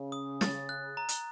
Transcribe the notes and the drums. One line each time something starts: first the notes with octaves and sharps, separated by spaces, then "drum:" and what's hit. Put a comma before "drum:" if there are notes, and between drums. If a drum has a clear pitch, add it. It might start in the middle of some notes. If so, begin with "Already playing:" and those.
Already playing: C#3
D#6
A6, drum: snare
F#6
A#5
drum: hi-hat